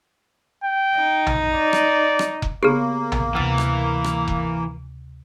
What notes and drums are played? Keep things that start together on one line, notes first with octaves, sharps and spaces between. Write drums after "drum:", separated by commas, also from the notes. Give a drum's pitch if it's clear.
G5
D#4
drum: tom
D5
drum: rim click
drum: rim click
drum: kick F1
C#3 A#3 B3 G4 G#4
drum: tom
D2 C3 E3 A6
drum: rim click
drum: rim click
drum: kick F1